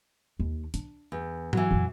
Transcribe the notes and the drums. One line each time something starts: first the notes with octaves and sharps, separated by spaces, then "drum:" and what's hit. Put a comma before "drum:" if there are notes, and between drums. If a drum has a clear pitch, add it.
D#2
D4, drum: hi-hat
E2
E3 F#3, drum: tom G#2
F2 A#2